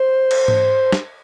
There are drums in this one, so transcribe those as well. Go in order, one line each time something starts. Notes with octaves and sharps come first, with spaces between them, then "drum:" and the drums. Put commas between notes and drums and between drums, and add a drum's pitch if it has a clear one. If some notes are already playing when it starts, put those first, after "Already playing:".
Already playing: C5
drum: cymbal
drum: tom G#2
drum: snare